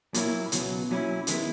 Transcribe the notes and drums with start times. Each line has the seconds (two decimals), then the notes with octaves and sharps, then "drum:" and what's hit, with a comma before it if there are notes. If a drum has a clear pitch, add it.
0.14 A#2 F#3 A#3 E4, drum: hi-hat
0.52 C#2 B2 F#3, drum: hi-hat
0.89 B1 A#2 F#3 C#4 E4
1.27 D#2 D#3 G#3 B3 E4, drum: hi-hat